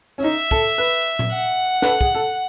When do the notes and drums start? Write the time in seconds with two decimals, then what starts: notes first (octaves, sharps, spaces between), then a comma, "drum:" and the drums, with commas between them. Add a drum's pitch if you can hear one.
0.18 C#4
0.24 D#4 E5
0.51 A4, drum: kick
0.78 B4
1.19 drum: tom A#2
1.33 F#5
1.82 B4, drum: snare
1.87 A4
2.01 G#4, drum: kick
2.15 A4